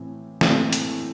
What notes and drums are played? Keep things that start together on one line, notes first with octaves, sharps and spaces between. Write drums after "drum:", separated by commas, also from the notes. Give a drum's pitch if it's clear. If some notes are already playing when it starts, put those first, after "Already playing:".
Already playing: A2 E3 C4
A2 E3 A3 C4, drum: snare
drum: hi-hat